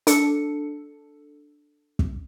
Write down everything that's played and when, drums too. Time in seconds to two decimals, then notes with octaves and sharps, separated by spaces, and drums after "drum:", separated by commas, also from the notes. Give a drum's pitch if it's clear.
0.07 D4 A4 C#7, drum: hi-hat
1.99 drum: kick